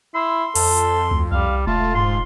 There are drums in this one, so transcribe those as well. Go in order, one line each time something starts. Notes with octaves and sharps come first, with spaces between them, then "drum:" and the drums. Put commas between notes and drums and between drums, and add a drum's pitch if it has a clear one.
E4 C6
F2 A4, drum: open hi-hat
D2
C2 G3 F5
E1 A3 F4 A5
G#2 C6